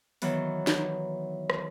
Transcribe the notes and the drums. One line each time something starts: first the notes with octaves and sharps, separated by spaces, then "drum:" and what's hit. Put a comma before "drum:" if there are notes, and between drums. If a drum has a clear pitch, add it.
D#3 E3 F#3 B3, drum: open hi-hat
drum: snare
drum: rim click